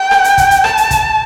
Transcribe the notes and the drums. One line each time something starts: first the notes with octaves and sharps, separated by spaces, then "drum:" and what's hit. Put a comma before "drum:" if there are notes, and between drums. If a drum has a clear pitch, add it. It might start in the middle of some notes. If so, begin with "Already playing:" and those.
Already playing: G5
drum: rim click
drum: hi-hat
drum: kick, hi-hat
drum: hi-hat
A5, drum: rim click
drum: hi-hat
drum: kick, hi-hat